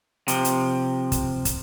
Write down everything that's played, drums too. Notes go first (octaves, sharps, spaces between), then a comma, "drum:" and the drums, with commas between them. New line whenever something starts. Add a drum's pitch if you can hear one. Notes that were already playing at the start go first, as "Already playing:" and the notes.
C3 F3, drum: hi-hat
drum: hi-hat
drum: kick, hi-hat
drum: kick, hi-hat